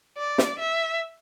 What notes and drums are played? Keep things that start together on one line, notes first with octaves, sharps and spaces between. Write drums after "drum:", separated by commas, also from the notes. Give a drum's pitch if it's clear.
D5
drum: snare
E5